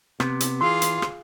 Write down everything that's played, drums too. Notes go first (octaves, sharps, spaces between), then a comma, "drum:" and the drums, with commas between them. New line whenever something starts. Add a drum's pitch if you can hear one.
C3 B3, drum: rim click
drum: hi-hat
E3 F4 G#4 C6
drum: hi-hat
drum: rim click